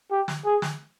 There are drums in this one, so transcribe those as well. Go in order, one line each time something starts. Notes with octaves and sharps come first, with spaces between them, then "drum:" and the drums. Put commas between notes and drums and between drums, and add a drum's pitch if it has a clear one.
G4
drum: snare
G#4
drum: snare